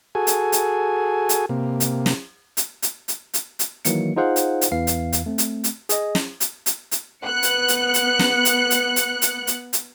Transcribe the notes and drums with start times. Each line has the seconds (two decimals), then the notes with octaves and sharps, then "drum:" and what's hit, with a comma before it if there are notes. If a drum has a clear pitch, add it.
0.15 F#4 G#4 A4 G#5
0.27 drum: hi-hat
0.52 drum: hi-hat
1.29 drum: hi-hat
1.49 C3 A#3
1.80 drum: hi-hat
2.06 drum: snare
2.57 drum: hi-hat
2.82 drum: hi-hat
3.08 drum: hi-hat
3.34 drum: hi-hat
3.59 drum: hi-hat
3.85 D#3 E3 F#3 A#3 C#7, drum: hi-hat
4.16 D#4 F4 G#4 C5 F5 F#5
4.36 drum: hi-hat
4.61 drum: hi-hat
4.72 E2 E3 F5 C7
4.87 drum: hi-hat
5.13 drum: hi-hat
5.26 A3 C4
5.38 drum: hi-hat
5.64 drum: hi-hat
5.89 G#4 D#5, drum: hi-hat
6.15 drum: snare
6.40 drum: hi-hat
6.66 drum: hi-hat
6.92 drum: hi-hat
7.25 B3 F#6 C#7
7.43 drum: hi-hat
7.68 drum: hi-hat
7.94 drum: hi-hat
8.19 drum: snare
8.45 drum: hi-hat
8.71 drum: hi-hat
8.96 drum: hi-hat
9.22 drum: hi-hat
9.47 drum: hi-hat
9.73 drum: hi-hat